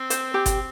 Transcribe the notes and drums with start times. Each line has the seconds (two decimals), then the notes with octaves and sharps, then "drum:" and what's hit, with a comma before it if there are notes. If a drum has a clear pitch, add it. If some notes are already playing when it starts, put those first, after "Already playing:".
Already playing: C4
0.10 C5, drum: hi-hat
0.34 G4
0.46 drum: kick G1, hi-hat